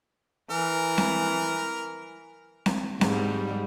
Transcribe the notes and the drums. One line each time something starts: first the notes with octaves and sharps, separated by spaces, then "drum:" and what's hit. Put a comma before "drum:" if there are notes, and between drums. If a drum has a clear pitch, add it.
E3 A#4
drum: snare C4
drum: snare C4
G#2 G3, drum: snare C4